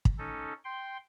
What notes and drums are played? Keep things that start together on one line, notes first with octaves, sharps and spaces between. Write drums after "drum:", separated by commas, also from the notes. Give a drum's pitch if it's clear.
drum: kick
C#4 D#4 A4
G5 C6